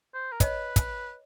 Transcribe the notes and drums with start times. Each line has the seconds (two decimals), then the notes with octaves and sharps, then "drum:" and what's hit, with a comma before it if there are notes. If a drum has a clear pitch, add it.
0.14 C5
0.32 A#4
0.40 B4 C#5 D#5, drum: kick, hi-hat
0.76 drum: kick, hi-hat